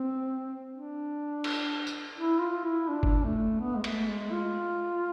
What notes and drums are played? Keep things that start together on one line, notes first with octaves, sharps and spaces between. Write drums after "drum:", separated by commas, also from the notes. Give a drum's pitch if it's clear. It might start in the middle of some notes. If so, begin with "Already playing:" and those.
Already playing: C4
D4
drum: cymbal
drum: tambourine
E4
F4
E4
D4
drum: kick F#1
A3
B3
G#3
A3, drum: cymbal
G#3
F4